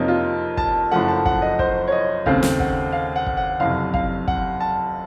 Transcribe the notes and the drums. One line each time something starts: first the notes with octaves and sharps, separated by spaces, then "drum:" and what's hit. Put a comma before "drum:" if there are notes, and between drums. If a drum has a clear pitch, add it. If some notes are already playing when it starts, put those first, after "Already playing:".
Already playing: F2 C3 F3 A#3 D#4 C#5
F4
A5, drum: kick
F#1 F#2 F3 A3 F#5
A5
F#5, drum: kick
D#5
C5, drum: kick
C#5
D#5
D#2 C#3 A3 C4 F5, drum: kick
drum: snare
F#5, drum: kick
F5
F#5
drum: kick
F#5
F#1 F2 C3 F5
F5, drum: kick
F#5, drum: kick
A5